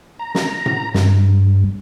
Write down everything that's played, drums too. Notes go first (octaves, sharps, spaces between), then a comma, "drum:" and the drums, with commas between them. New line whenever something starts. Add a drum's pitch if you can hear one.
A#5
drum: snare
drum: tom A2
G2, drum: snare